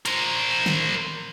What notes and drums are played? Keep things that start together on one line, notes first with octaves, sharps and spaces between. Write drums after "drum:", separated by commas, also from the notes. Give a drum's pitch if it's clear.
A#4 C5, drum: hi-hat
drum: snare